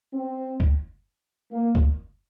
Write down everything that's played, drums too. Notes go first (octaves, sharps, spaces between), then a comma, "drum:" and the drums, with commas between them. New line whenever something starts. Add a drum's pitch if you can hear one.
C4
drum: kick
A#3
drum: kick